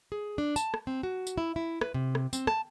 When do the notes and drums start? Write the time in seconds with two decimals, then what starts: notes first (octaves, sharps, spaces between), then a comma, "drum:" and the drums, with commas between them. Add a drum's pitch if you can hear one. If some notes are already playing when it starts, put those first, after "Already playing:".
0.12 G#4
0.38 D4
0.56 A5, drum: tambourine
0.74 drum: rim click
0.87 C4
1.03 F#4
1.27 drum: tambourine
1.38 E4
1.56 E4
1.81 B4, drum: rim click
1.94 C3
2.15 drum: rim click
2.33 C4, drum: tambourine
2.47 A5, drum: rim click